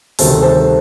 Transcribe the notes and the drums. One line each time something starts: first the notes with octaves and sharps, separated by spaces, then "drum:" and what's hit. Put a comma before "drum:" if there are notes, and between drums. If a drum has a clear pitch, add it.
D2 C3 D#3 G3 A4 C5, drum: open hi-hat
A4 C5